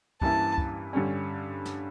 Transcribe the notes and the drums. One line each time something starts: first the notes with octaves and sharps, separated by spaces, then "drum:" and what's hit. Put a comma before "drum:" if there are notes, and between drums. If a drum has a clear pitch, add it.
G2 E3 A#3 C#4 E4 A5, drum: kick
drum: kick
G2 D3 G3 C#4
drum: snare